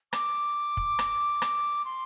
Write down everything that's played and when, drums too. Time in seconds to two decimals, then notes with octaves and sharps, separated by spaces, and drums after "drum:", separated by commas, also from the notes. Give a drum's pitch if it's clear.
0.13 D6, drum: rim click
0.77 drum: kick
0.99 drum: rim click
1.42 drum: rim click
1.85 C6